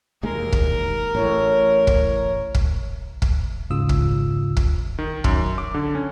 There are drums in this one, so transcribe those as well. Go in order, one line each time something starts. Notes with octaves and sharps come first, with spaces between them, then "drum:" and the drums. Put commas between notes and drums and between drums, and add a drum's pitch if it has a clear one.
E1 D#2 G#3 A#4
drum: kick
A1 A2 C#5
drum: kick
drum: kick
drum: kick
D#2 G#2 C#3 F4 D#6 E6
drum: kick
drum: kick
D#3
F#2, drum: kick
D6
D3
C#4